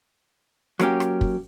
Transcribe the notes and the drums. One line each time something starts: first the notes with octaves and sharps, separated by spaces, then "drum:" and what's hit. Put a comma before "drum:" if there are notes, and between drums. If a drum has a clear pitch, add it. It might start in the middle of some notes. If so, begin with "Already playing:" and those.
F#3 A#3 C#4 G4, drum: rim click
drum: rim click
drum: kick